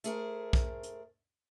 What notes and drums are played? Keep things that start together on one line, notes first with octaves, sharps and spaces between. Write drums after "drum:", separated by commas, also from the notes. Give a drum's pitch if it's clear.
A3 G#4 A#4 C5, drum: hi-hat
drum: kick
drum: hi-hat